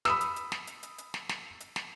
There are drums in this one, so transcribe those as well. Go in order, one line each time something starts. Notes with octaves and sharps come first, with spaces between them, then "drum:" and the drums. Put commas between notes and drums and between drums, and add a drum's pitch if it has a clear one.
B5 D#6 E6, drum: snare
drum: hi-hat
drum: hi-hat
drum: snare
drum: hi-hat
drum: hi-hat
drum: hi-hat
drum: snare
drum: snare
drum: hi-hat
drum: snare